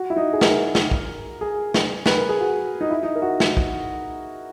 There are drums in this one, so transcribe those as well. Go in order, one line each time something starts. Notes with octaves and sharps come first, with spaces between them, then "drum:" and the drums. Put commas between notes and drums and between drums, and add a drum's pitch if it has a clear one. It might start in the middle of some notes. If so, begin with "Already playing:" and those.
Already playing: F#4
E4
D#4
G#4
A#4, drum: snare
drum: snare
drum: kick
G#4
drum: snare
B4, drum: snare
A#4
G#4
F#4
D#4
E4
D#4
A#4
F#4
drum: snare
drum: kick